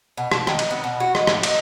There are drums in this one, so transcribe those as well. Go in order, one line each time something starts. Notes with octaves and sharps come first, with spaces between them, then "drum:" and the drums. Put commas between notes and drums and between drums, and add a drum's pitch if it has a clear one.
B2
A5, drum: rim click
D#3, drum: rim click
D#4, drum: cymbal
B3
B2
F#4
D#5, drum: rim click
A2, drum: rim click
D#4, drum: cymbal